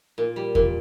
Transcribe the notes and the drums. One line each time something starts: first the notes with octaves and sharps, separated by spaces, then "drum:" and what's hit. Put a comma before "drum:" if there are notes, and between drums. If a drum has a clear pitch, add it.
A#2
G3
A#2, drum: kick E2